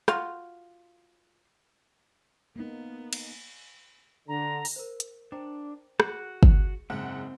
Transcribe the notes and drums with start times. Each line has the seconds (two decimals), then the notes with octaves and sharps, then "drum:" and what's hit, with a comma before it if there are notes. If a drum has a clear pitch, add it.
0.08 F4 F#4, drum: rim click
2.56 A#3 B3 D#4
3.13 drum: cymbal
4.28 D3 A#5
4.65 drum: open hi-hat
4.76 A#4 C5
5.00 drum: hi-hat
5.32 D4 C5 G5 A#5
6.00 F#4 G#4 F#5, drum: rim click
6.43 drum: kick
6.90 F#1 G#2 C4 F#5